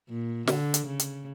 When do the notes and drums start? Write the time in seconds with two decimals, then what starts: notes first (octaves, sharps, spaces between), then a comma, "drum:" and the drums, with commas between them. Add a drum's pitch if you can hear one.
0.09 A#2
0.47 D3, drum: snare
0.74 drum: hi-hat
0.87 C#3
0.99 drum: hi-hat